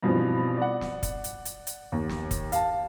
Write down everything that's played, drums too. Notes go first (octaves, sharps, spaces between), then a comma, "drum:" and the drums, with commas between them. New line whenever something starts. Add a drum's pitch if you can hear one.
G2 B2 E3 F3 C4
D5 F#5
drum: snare
drum: kick, hi-hat
drum: hi-hat
drum: hi-hat
drum: hi-hat
D#2
drum: snare
drum: kick, hi-hat
F5 A5, drum: hi-hat